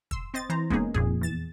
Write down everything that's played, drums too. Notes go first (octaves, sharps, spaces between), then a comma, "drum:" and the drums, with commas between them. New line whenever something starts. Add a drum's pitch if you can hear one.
C6 E6, drum: kick
C4 C5 D#5 A6
E3 C5 A#5
G#3 A#3 B3 C#4 D#4 G#4, drum: kick
F2 A#2 G#4, drum: kick
E2 A6 E7